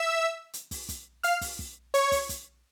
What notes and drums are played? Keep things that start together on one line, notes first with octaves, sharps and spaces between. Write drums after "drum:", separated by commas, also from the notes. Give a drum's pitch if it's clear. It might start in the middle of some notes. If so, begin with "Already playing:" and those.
Already playing: E5 E6
drum: hi-hat
drum: kick, open hi-hat
drum: kick, hi-hat
F5 F6, drum: hi-hat
drum: kick, open hi-hat
drum: kick
C#5 C#6, drum: hi-hat
drum: kick, open hi-hat
drum: kick, hi-hat